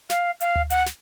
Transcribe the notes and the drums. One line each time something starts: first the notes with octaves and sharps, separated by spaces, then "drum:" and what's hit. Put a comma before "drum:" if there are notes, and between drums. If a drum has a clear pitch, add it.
F5, drum: snare
F5, drum: hi-hat
drum: tom D2
F#5, drum: hi-hat
drum: snare